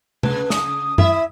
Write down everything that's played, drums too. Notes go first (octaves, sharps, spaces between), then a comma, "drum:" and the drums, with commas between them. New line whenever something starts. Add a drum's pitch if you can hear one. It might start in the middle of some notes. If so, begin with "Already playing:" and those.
C#3 B4, drum: tom C3
D#6, drum: snare
E4 E5, drum: tom F#2